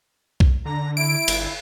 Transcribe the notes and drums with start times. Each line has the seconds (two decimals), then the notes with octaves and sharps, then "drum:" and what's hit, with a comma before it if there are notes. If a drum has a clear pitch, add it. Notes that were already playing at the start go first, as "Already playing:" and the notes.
0.40 drum: kick B1
0.65 D3 A#5
0.97 E4 D7
1.28 G1, drum: cymbal